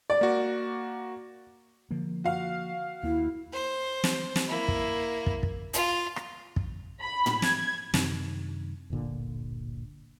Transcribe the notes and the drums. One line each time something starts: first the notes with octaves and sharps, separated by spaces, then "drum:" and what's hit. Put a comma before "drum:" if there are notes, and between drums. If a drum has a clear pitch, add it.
D5
A#3 F#4
D3 F3 A#3
F#4 F5
D#2 A#3 E4
C5
drum: snare
drum: snare
A#3 E4
drum: kick
drum: kick
drum: kick
F4, drum: hi-hat
drum: rim click
drum: kick
B5
drum: tom
G#6, drum: snare
F#2 C3 D#3 D4, drum: snare
D1 G1 A#2 D3